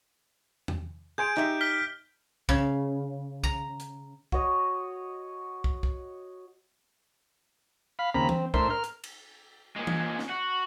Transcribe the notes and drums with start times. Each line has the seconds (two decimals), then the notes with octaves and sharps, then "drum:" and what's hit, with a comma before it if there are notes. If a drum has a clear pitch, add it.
0.68 drum: tom E2
1.18 G#4 G#5 C6 G6 D7
1.37 D#4 G4 E5, drum: clap
1.61 F6 B6 G7
2.49 C#3, drum: kick
3.44 A#5, drum: kick
3.80 drum: hi-hat
4.32 F#4 C#5 D#5, drum: kick
5.64 drum: kick
5.83 drum: kick
7.99 F5 B5
8.14 D#2 C#3 C4 A#5 B5
8.29 C4, drum: tom E3
8.54 A2 D4 A#4 C5 E5 C6, drum: kick
8.70 A#4 F6
8.84 drum: hi-hat
9.04 drum: cymbal
9.76 A#2 G#3
9.87 drum: tom E3
10.19 drum: snare
10.30 F#4